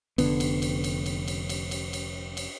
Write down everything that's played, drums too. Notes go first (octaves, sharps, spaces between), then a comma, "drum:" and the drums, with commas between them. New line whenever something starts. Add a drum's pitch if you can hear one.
F1 D3 B3, drum: cymbal
drum: cymbal
drum: cymbal
drum: cymbal
drum: cymbal
drum: cymbal
drum: cymbal
drum: cymbal
drum: cymbal
drum: cymbal